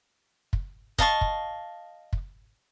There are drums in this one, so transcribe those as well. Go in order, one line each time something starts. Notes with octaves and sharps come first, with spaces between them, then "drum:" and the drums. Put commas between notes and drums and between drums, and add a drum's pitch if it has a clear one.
drum: kick
D#5 F5 A5 C#6, drum: kick
drum: kick
drum: kick